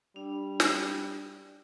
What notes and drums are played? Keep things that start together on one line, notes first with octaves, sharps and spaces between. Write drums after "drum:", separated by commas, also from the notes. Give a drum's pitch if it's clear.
G3 D4
drum: snare